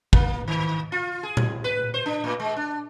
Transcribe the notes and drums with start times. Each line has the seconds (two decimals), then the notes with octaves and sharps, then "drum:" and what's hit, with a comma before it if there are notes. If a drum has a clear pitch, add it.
0.13 A#3, drum: kick
0.48 D#3
0.92 F4
1.23 G#4
1.37 drum: tom A#2
1.64 B4
1.94 C5
2.06 D4
2.24 A2
2.40 G#3
2.56 D4